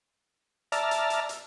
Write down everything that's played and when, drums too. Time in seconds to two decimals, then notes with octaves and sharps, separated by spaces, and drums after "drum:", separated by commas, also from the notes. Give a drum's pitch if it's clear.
0.72 D5 E5 A5 A#5 F6, drum: hi-hat
0.91 drum: hi-hat
1.10 drum: hi-hat
1.29 drum: hi-hat